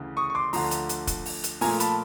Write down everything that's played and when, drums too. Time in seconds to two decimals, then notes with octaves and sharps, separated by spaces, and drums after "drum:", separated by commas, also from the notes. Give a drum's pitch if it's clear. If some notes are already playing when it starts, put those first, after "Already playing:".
Already playing: D2 C#3 E3
0.17 C#6 D#6
0.30 C#6
0.35 C6 D6
0.53 D2 D3 F3 A#5 C6, drum: open hi-hat
0.71 drum: hi-hat
0.89 drum: hi-hat
1.07 drum: kick, hi-hat
1.25 drum: open hi-hat
1.44 drum: hi-hat
1.61 A#2 F3 A3 G#5 A#5, drum: open hi-hat
1.80 A5 B5, drum: hi-hat